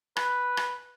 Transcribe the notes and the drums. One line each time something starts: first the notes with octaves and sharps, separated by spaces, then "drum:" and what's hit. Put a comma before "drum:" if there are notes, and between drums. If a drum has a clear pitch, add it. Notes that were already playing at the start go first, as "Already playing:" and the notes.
B4, drum: rim click
drum: rim click